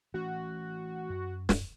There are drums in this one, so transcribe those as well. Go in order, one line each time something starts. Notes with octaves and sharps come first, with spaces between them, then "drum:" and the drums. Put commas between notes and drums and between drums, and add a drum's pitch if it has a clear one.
E3 A3 C#4 F#4
F#2
drum: snare